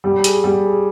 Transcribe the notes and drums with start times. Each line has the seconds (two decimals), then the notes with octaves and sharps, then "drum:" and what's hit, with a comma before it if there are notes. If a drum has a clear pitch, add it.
0.04 G3
0.24 G#4, drum: hi-hat
0.44 G3
0.64 G#4